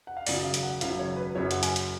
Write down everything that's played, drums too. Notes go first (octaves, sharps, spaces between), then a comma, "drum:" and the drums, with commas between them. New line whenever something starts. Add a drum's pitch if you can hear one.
F#5
F5
G#1 F#2 C#3 F#3 D5, drum: open hi-hat
F5
drum: hi-hat
F#5
G#1 F#2 C#3 F#3 F5, drum: hi-hat
C#5
B4
F#1 F#2 C#3 F#3 C#5
F#5, drum: hi-hat
G#5, drum: hi-hat
drum: hi-hat